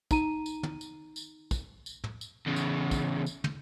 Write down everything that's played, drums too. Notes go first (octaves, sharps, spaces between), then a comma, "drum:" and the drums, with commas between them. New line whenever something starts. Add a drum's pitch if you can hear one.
D#4 A#5 D#7, drum: kick, tambourine
drum: tambourine
drum: tom
drum: tambourine
drum: tambourine
drum: kick, tambourine
drum: tambourine
drum: tom
drum: tambourine
E2 C#3
drum: tambourine
drum: kick, tambourine
drum: tambourine
drum: tom